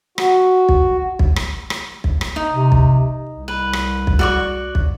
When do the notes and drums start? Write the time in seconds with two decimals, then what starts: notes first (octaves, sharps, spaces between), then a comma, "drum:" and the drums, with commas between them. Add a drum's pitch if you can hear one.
0.18 F#4, drum: rim click
0.69 drum: kick
1.19 drum: kick
1.36 drum: rim click
1.70 drum: rim click
2.04 drum: kick
2.21 drum: rim click
2.36 D#4
2.51 C3
2.72 drum: kick
3.30 C2
3.48 B4
3.73 drum: rim click
4.07 drum: kick
4.19 F#4 D5 C#6
4.75 drum: kick